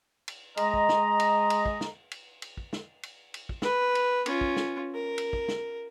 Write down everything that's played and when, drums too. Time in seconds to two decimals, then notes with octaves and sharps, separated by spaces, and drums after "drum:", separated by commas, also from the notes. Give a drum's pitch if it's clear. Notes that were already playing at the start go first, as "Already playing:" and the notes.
0.28 drum: cymbal
0.57 G#3 D#5 A#5, drum: cymbal
0.74 drum: kick
0.89 drum: snare
1.20 drum: cymbal
1.50 drum: cymbal
1.66 drum: kick
1.81 drum: snare
2.11 drum: cymbal
2.42 drum: cymbal
2.57 drum: kick
2.73 drum: snare
3.03 drum: cymbal
3.34 drum: cymbal
3.49 drum: kick
3.62 B4, drum: snare
3.95 drum: cymbal
4.26 C#4 F4, drum: cymbal
4.41 drum: kick
4.56 drum: snare
4.95 A#4
5.18 drum: cymbal
5.33 drum: kick
5.48 drum: snare